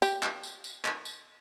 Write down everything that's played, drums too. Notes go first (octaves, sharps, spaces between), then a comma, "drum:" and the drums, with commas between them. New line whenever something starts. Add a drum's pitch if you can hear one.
G4, drum: tambourine
drum: clap
drum: tambourine
drum: tambourine
drum: clap
drum: tambourine